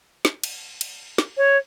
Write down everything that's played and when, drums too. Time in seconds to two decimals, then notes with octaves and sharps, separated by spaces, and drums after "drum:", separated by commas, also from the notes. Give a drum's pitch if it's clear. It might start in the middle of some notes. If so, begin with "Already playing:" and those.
0.25 drum: snare
0.43 drum: cymbal
0.81 drum: cymbal
1.18 drum: snare
1.37 C#5